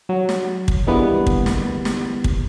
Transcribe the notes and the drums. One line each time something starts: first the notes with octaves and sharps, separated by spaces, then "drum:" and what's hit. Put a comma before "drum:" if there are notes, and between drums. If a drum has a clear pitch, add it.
F#3
drum: snare
drum: kick
D3 E3 G3 G#3 A#3 B3
drum: kick
drum: snare
drum: snare
drum: kick